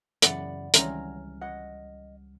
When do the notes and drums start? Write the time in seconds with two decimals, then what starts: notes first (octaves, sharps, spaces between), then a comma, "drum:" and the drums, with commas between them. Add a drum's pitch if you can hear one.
0.22 F#2 A#2 C#3 E3 B3 D5 F#5 B5, drum: hi-hat
0.74 C#2 D#3 E3 G3 C4 C#4 A#5 F6, drum: hi-hat
1.42 D#5 F#5